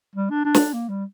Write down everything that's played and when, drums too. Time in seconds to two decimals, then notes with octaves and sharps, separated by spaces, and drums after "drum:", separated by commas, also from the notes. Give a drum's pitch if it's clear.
0.15 G3
0.30 D4
0.45 D4
0.54 drum: snare
0.74 A#3
0.89 G3